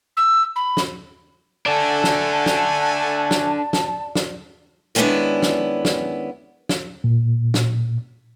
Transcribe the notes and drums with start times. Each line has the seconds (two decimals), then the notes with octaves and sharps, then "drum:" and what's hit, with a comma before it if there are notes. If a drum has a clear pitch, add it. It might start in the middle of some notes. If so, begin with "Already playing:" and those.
0.17 E6
0.56 B5
0.77 drum: snare
1.66 A3 D4 A4 D5 F#5 G#5 A5
2.04 drum: snare
2.46 drum: snare
3.31 drum: snare
3.73 drum: snare
4.15 drum: snare
4.95 D#3 G#3 B3 C#4 D4 E4
5.42 drum: snare
5.85 drum: snare
6.69 drum: snare
7.04 A#2
7.54 drum: snare